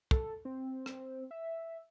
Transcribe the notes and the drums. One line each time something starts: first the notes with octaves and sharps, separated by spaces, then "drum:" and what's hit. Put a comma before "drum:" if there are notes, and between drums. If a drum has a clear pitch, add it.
A4, drum: kick
C4
drum: rim click
E5